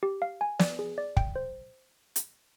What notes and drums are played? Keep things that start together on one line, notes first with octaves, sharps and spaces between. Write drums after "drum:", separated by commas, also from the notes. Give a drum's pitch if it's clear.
G4
F5
G#5
D5, drum: snare
G#4
D5
G5, drum: kick
C5
drum: hi-hat